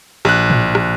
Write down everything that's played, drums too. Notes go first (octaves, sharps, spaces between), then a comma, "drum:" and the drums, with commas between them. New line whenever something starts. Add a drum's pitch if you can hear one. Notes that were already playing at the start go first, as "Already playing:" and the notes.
A#1 F#6, drum: rim click
drum: tom A2
drum: rim click